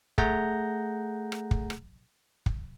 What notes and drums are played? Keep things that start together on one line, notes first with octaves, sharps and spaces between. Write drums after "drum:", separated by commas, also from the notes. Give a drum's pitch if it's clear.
A3 G#4 F#5 A#5 G6 A#6, drum: kick
drum: rim click
drum: kick
drum: rim click
drum: kick